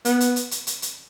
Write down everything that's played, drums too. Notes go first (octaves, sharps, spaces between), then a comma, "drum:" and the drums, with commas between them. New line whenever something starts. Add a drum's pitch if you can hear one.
B3, drum: hi-hat
drum: hi-hat
drum: hi-hat
drum: hi-hat
drum: hi-hat
drum: hi-hat